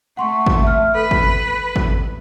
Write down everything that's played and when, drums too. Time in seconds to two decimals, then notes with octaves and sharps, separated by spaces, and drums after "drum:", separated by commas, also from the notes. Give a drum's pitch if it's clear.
0.17 A3 F#5 C6 C#6
0.46 drum: kick G#1
0.63 E5 F6
0.95 A4 B4
1.11 drum: kick G#1
1.76 drum: kick G#1